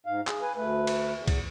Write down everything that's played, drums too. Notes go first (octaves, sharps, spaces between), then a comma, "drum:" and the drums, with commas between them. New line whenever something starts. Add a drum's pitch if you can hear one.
G#2 F5
G#4, drum: clap
B4 G#5
D2 A3 B4
drum: cymbal
E2
drum: kick, cymbal